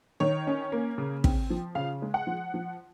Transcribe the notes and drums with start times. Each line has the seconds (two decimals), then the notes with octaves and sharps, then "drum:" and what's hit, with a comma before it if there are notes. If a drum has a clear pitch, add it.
0.20 D#3 C#5
0.47 C#4
0.72 A#3
0.98 C#3
1.24 C4, drum: kick
1.50 F3
1.75 C#3 F5
2.02 G#3
2.14 F#5
2.27 F3
2.54 F3